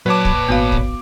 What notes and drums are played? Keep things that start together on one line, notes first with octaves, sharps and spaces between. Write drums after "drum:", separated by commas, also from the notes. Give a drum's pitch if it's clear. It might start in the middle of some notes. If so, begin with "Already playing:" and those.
A#2 F#3 B4 C#5 A5 D6
drum: kick
G#1 B3 F#4 F5
drum: kick